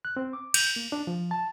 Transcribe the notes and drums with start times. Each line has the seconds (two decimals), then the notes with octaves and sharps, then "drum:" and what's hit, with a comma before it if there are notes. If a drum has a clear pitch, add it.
0.05 F#6
0.17 C4
0.33 D6
0.54 G6, drum: cymbal
0.76 A#3
0.92 D4
1.07 F3
1.31 A5